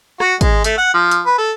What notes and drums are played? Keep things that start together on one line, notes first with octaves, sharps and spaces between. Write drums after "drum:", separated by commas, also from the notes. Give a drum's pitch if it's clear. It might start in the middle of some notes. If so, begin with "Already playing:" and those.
F#4, drum: rim click
G#3, drum: kick, hi-hat
A3, drum: hi-hat
F#5
F3
drum: hi-hat
B4
A4